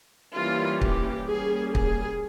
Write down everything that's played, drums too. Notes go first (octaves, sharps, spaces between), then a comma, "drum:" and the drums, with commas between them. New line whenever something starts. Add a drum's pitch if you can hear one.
E3 G3 A#3 C#4 F4
G4, drum: kick
G3 A#3 C#4 G#4
G#4, drum: kick